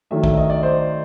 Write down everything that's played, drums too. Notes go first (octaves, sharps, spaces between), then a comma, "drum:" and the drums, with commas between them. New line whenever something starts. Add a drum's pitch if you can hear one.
D#3 F#3 A3 D4 E5
E5, drum: kick B1
D#5
D5
C5